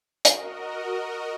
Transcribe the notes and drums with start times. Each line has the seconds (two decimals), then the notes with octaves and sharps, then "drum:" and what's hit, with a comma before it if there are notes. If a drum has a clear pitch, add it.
0.25 F#4 A#4 D#5, drum: hi-hat